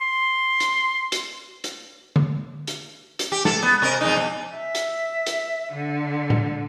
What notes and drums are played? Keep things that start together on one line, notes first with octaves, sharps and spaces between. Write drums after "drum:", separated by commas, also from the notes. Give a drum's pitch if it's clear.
C6
drum: hi-hat
drum: hi-hat
drum: hi-hat
drum: tom D3
drum: hi-hat
drum: hi-hat
G4
A4, drum: snare
B3
C3 A#4 D#5
F2 G#3 D#4
B2
E5
drum: hi-hat
drum: hi-hat
D3
drum: tom A2